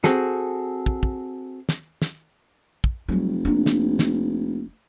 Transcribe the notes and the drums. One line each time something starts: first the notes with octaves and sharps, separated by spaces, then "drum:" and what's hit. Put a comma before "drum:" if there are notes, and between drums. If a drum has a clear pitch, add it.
C4 F#4 G#4 A4, drum: snare
drum: kick
drum: kick
drum: snare
drum: snare
drum: kick
F1 F#3 G3
A#3 D4
drum: snare
drum: snare